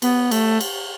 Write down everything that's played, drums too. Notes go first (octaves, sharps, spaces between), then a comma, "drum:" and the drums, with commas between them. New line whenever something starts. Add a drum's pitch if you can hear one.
B3, drum: cymbal
A3, drum: cymbal
drum: cymbal